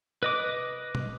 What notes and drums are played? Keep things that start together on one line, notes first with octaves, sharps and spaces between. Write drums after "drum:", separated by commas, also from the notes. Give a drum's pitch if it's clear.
B4 D#5 D6
drum: tom A#2